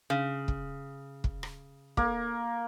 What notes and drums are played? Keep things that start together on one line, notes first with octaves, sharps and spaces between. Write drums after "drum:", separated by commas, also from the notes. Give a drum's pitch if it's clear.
C#3
drum: kick
drum: kick
drum: rim click
A#3, drum: kick